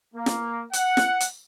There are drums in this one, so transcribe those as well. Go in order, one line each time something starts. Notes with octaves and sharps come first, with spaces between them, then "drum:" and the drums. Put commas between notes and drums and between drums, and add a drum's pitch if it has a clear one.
A#3
drum: snare
F#5, drum: hi-hat
drum: snare
drum: hi-hat